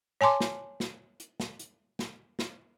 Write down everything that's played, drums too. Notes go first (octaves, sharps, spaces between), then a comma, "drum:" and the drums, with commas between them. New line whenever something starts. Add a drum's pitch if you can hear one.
C#5 G#5 A5 C6 D6
drum: snare
drum: snare
drum: hi-hat
drum: snare
drum: hi-hat
drum: snare
drum: snare